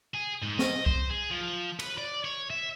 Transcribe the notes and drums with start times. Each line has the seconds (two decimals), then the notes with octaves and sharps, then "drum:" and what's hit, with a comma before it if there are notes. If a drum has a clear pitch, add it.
0.14 G#4
0.43 G#2
0.59 D#5, drum: snare
0.86 C5, drum: kick C2
1.11 G#4
1.31 F3
1.80 B4, drum: cymbal
1.98 D5
2.25 C#5
2.50 E5